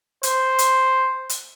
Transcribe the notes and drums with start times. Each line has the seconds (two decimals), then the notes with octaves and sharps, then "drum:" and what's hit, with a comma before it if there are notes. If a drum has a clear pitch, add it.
0.23 C5, drum: hi-hat
0.59 drum: hi-hat
1.29 drum: hi-hat